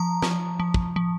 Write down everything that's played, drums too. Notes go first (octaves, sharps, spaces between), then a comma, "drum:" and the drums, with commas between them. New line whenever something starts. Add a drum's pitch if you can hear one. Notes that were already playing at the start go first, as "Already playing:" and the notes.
Already playing: F3 A#5
F3, drum: snare
F3
drum: kick
F3